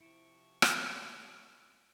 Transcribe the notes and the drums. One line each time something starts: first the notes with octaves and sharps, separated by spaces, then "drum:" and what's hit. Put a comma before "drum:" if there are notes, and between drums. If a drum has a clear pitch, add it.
C3 F3 E4 C#6 C#7 D7 E7
drum: rim click